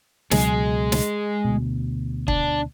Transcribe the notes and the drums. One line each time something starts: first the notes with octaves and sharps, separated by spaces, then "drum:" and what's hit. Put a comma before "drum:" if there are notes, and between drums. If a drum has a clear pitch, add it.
C#2 B2 F#3 G#3 G#4, drum: snare
drum: snare
D2 B2
D4, drum: kick